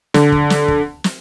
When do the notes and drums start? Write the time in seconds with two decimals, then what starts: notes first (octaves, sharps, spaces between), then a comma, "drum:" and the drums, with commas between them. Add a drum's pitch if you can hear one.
0.14 D3, drum: snare
0.32 drum: kick
0.50 drum: snare
0.68 drum: kick
1.04 drum: snare